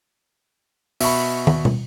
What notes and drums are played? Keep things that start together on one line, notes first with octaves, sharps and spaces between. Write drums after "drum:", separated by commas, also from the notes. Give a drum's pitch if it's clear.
B2 E5 B5 C#6, drum: open hi-hat
drum: tom
drum: tom